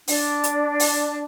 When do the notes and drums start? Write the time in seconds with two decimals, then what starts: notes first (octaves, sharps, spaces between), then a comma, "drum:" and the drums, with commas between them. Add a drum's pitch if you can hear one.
0.08 D4, drum: open hi-hat
0.44 drum: hi-hat
0.80 drum: open hi-hat